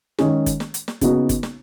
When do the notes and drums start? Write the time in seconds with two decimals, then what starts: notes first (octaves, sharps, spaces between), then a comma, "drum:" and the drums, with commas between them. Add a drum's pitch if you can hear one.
0.19 D#3 G#3 C#4 G#4, drum: snare
0.46 drum: kick G1, hi-hat
0.60 drum: snare
0.74 drum: hi-hat
0.88 drum: snare
1.01 C#3 B3 D#4 F#4, drum: kick G1, hi-hat
1.29 drum: kick G1, hi-hat
1.43 drum: snare